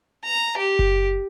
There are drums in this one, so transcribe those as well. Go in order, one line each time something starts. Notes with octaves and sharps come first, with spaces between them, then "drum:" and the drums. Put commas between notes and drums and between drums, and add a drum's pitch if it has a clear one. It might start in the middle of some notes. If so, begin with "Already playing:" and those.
A#5
G4
drum: kick F#1